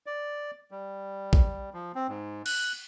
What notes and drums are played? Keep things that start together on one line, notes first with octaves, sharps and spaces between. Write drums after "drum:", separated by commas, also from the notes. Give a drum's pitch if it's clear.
D5
G3
drum: kick
F3
C4
G#2
F#6, drum: cymbal